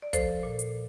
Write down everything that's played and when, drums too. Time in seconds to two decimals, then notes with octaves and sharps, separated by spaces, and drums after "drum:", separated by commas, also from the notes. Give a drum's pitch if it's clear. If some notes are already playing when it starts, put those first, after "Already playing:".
0.02 D5
0.13 F3 A4 C5, drum: kick, hi-hat
0.43 A#2
0.59 drum: hi-hat